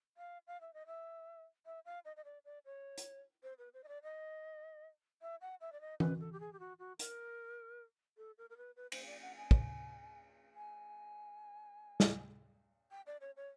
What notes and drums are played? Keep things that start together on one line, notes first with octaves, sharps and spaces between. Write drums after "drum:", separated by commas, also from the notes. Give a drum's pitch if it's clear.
F5
F5
E5
D#5
E5
E5
F5
D#5
D#5
D5
D5
C#5
drum: hi-hat
C5
B4
C5
D#5
D5
D#5
E5
F#5
E5
D5
D#5
B4, drum: tom E3
A4
G4
G#4
G4
F#4
F#4
A#4, drum: hi-hat
A4
A#4
A#4
B4
B4
C5, drum: cymbal
D5
F#5
G#5
drum: kick
G#5
drum: snare
G5
D5
C#5
C#5